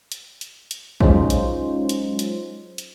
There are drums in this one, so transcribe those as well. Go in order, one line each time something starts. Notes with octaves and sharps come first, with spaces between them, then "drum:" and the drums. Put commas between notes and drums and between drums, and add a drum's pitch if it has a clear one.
drum: hi-hat
drum: hi-hat
drum: hi-hat
F#3 G#3 C#4 D#4 F4 C5, drum: kick A#1
drum: hi-hat
drum: hi-hat
drum: hi-hat
drum: hi-hat